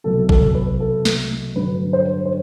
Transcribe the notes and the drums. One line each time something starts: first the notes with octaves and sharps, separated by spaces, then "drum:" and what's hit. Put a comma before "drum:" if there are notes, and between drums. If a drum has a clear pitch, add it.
C2 B2 F#3 A4
A4, drum: kick A1
B4
A4
drum: snare
G2 D3 F#3 B4
C5
C5